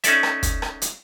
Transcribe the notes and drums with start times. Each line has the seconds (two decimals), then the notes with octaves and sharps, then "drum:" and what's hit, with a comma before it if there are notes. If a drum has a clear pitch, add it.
0.04 C#4 D#4 A4 D5 E5, drum: hi-hat
0.23 drum: rim click
0.43 drum: kick, hi-hat
0.62 drum: rim click
0.82 drum: hi-hat